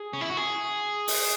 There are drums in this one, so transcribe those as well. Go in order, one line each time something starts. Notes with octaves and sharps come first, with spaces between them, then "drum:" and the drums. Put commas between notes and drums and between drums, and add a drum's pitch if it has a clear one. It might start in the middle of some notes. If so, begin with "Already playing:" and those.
Already playing: G#4
C#4
E4
F#4
G#4
drum: open hi-hat